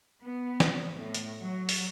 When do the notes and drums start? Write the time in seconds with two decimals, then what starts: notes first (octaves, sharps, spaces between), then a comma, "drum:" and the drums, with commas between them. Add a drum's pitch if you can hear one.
0.23 B3
0.60 drum: snare
0.95 A2
1.14 drum: hi-hat
1.42 F#3
1.69 drum: open hi-hat